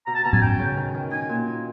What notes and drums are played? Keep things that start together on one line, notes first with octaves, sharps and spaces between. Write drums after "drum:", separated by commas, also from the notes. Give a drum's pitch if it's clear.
B2 A#5
A5
B2 A#5
G#5, drum: tom A2
C#4 G5
C#3
D#3
D#3
D#4 G#5
A#2
D#4